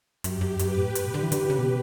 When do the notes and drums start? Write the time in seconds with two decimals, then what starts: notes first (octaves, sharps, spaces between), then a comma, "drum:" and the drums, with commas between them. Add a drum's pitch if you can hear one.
0.24 F#2 G4, drum: hi-hat
0.41 F#2
0.59 F#2 B4, drum: hi-hat
0.77 A2
0.95 G2, drum: hi-hat
1.04 B2
1.14 D3
1.23 E3
1.32 D3, drum: hi-hat
1.50 C#3
1.58 B2